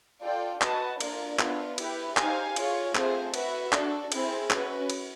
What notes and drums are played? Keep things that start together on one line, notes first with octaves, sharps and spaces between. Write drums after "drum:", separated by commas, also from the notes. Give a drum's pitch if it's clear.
F4 A4 D5 G5
F#4 B4 D#5 F#5 A5, drum: clap
A#3 D4 F4 A#4 D5, drum: cymbal
B3 D4 F4, drum: clap
E4 G4 B4, drum: cymbal
D#4 G4 C5 F5 G#5, drum: clap
F4 G#4 C#5, drum: cymbal
A3 C4 F4 G#4 C5, drum: clap
F#4 B4 E5, drum: cymbal
D4 F#4 A4, drum: clap
C4 E4 G#4, drum: cymbal
C#4 F#4 B4, drum: clap
drum: cymbal